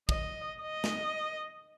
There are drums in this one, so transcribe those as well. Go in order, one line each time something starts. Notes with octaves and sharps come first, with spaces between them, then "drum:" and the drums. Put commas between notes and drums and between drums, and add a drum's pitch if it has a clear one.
D#5, drum: kick
D#5
drum: snare